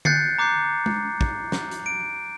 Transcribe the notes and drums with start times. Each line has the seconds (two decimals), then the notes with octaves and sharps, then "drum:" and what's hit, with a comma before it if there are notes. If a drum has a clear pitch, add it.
0.05 F#6 G6 A6 C7 C#7, drum: tom D3
0.38 A#5 D6 F#6 G6 C7
0.86 drum: tom G#3
1.21 drum: kick
1.52 drum: snare
1.71 drum: hi-hat
1.86 D7